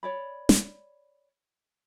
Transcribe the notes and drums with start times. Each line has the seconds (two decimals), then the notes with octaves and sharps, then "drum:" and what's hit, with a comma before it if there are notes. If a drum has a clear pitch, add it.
0.03 C#5 D5 B5
0.49 drum: snare